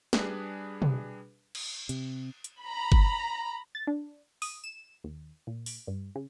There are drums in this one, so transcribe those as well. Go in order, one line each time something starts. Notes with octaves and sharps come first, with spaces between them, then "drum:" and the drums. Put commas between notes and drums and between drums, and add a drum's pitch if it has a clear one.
G3 D4 G#4 B4, drum: snare
drum: tom
drum: cymbal
C3, drum: hi-hat
drum: hi-hat
A#5 B5
drum: kick G1
A6
D4
D#6, drum: open hi-hat
E7
D#2
A#2
drum: open hi-hat
G2
C#3